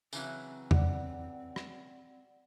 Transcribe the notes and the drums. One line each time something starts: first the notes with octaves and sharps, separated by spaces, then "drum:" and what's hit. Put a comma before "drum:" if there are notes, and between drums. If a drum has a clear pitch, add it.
C#3 E3 F#3 C4, drum: tambourine
D5 F#5, drum: tom E2
drum: rim click